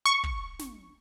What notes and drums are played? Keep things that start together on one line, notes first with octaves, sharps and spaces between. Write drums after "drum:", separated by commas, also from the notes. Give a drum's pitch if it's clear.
C#6
drum: kick
drum: snare